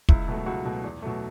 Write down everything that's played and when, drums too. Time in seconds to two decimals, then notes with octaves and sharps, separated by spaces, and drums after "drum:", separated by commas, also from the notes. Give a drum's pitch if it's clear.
0.09 C#2 E4, drum: kick
0.28 B2 F#3 A3
0.46 C#2 F#4
0.65 B2 F#3 A3
0.84 E2
1.02 B2 F#3 A3